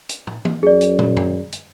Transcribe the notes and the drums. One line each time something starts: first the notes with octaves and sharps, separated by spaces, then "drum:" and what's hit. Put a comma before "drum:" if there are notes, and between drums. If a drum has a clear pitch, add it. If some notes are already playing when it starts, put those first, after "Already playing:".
drum: hi-hat
drum: tom
drum: tom E3
F#2 G#4 D5
drum: hi-hat
drum: tom
drum: tom F#2
drum: hi-hat